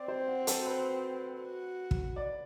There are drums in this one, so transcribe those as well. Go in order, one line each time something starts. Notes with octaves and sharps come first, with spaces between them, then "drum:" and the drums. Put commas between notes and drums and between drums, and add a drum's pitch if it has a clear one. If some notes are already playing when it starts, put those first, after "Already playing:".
Already playing: C4 D5
C5
F#4
A4, drum: hi-hat
B4
F#4
drum: kick
D5